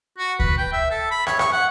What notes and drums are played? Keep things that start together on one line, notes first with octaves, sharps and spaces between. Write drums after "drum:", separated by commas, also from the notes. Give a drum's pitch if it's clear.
F#4
B4, drum: kick D2
G5
E5
A4
B5
C#5, drum: rim click
C#6, drum: rim click
F#5